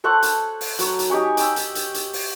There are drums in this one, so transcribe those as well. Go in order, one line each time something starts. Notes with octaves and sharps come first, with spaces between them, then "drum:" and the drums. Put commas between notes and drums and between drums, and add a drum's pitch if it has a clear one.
A4 C5 C#5 F#5
drum: hi-hat
drum: open hi-hat
F#3 C#5, drum: hi-hat
drum: hi-hat
D#4 G4 C#5 G#5
G5 E6, drum: hi-hat
drum: hi-hat
drum: hi-hat
drum: hi-hat
drum: open hi-hat